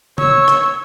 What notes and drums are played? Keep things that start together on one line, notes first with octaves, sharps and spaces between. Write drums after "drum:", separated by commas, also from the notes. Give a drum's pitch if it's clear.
C#5 E6, drum: tom C#3
drum: rim click